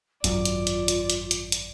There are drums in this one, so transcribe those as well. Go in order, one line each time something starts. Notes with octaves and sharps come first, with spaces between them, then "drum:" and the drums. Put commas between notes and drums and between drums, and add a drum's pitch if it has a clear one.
G#1 F#2 F4 D5, drum: hi-hat
drum: hi-hat
drum: hi-hat
drum: hi-hat
drum: hi-hat
drum: hi-hat
drum: hi-hat